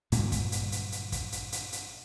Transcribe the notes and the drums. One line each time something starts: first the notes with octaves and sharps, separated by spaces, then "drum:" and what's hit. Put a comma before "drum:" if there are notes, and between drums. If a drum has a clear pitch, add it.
G2 A#2 D3 F#3, drum: hi-hat
drum: kick, hi-hat
drum: hi-hat
drum: hi-hat
drum: hi-hat
drum: kick, hi-hat
drum: hi-hat
drum: hi-hat
drum: hi-hat